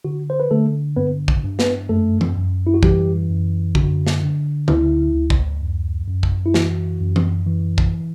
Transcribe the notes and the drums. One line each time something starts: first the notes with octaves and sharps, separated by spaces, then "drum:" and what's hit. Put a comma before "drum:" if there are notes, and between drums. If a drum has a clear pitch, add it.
D3 F#4
C5
B4
D3 A3 A4
G2 B3 B4
drum: kick
G2
B3 B4, drum: snare
F#2 A3 A4
drum: tom E3
F#2
E4
F#4
E3 G3 G4, drum: kick
F#2
D3 F#4, drum: kick
drum: snare
D3
D2 E4, drum: tom D3
D2
drum: kick
F#2
F#2
drum: kick
E4
E3 F#4, drum: snare
F#2
drum: tom E3
E3
drum: kick